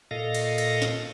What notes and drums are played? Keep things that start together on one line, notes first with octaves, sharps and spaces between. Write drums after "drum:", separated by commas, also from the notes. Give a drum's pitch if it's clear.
A#2 A4 D#5 F5 A#6
drum: cymbal
drum: cymbal
drum: snare